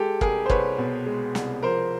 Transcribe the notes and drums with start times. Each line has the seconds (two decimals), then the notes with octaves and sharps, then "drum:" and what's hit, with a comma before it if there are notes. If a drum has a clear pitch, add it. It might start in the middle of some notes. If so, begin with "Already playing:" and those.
Already playing: G#3 G4 A4
0.21 C2 G#4 A#4, drum: kick
0.46 C5
0.50 C2 B4 C#5, drum: kick
0.78 B2
1.06 G#3
1.35 C2, drum: snare
1.63 F3 A#4 C5